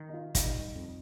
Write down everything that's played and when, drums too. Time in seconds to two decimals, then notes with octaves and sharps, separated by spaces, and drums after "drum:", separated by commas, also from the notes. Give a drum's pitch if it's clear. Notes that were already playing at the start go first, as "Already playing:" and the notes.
Already playing: D#3
0.09 D#4
0.14 F4
0.35 G3 D#4, drum: kick, hi-hat
0.75 F2